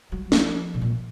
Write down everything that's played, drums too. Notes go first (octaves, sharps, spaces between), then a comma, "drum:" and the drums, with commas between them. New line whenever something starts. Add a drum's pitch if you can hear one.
F#3
F3, drum: snare
B2
A#2